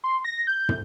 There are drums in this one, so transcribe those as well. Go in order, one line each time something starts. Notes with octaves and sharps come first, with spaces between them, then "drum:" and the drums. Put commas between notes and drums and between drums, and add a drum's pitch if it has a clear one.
C6
A#6
G6
drum: tom